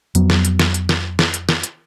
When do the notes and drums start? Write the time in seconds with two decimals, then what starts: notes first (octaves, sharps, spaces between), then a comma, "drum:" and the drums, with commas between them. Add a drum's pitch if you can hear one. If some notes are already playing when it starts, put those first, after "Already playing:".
0.15 F2 F#3 B3, drum: hi-hat
0.30 drum: snare
0.45 drum: hi-hat
0.59 drum: snare
0.74 drum: hi-hat
0.89 drum: snare
1.19 drum: snare
1.34 drum: hi-hat
1.49 drum: snare
1.63 drum: hi-hat